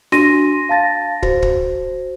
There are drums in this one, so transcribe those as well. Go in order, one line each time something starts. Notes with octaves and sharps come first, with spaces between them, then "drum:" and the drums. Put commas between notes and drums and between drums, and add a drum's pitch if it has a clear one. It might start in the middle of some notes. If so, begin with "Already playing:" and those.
D4 F#4 C6 A#6 D#7, drum: snare
F5 A5 A6 A#6
F#4 C5, drum: kick
drum: kick